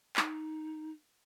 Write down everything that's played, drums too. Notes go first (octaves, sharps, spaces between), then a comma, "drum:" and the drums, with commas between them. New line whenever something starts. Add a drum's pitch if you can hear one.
D#4, drum: clap